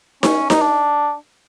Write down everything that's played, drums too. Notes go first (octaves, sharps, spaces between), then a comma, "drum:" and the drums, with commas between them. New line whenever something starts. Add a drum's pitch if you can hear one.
C#4, drum: snare D#4
D#4, drum: snare D#4
D4